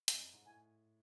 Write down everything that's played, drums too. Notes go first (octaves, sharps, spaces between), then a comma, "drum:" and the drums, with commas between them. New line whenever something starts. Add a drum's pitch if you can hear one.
F2, drum: hi-hat
F#2
G#2
A2 G#5